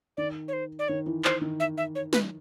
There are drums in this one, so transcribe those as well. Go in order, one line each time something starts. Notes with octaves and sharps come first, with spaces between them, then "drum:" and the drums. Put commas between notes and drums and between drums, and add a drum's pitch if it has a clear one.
D#3 D5
C#5
C5
D5
D#3 C#5
E3
C5, drum: clap
D#3
E5
E5
C#5
B4, drum: snare